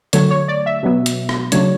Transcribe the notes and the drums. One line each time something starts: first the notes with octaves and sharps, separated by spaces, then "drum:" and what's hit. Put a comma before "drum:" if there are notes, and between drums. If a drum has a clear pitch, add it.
D3 F#3 A3 C#5, drum: hi-hat
C#5
D5
E5
B2 F#3 B3
drum: hi-hat
drum: rim click
C#3 F#3 A3 D4 C#5, drum: hi-hat